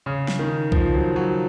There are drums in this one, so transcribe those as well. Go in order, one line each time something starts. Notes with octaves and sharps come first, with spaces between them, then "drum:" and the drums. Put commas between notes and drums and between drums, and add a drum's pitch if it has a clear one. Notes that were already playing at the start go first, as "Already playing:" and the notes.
C#3
drum: snare
D#3
F3, drum: kick B1
F#3
F#3